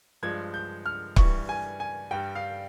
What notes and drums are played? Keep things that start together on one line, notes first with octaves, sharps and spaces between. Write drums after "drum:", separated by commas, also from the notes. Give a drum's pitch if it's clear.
G2 F3 G#3 G#6
G6
F6
G2 E3 G3 C#6, drum: kick C#1
G#5
G#5
G2 G3 G5
F5